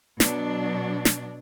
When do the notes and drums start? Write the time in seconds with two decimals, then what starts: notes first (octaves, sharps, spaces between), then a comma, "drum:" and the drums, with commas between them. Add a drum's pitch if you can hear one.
0.20 B2 F#3 D4, drum: snare
1.05 drum: snare